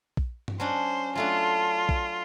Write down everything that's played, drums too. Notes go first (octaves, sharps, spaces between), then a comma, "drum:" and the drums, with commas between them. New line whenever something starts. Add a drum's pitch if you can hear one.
drum: kick A#1
drum: tom G2
F#3 C#4 D4 C5
F#3 A3 D4 F4
drum: kick A#1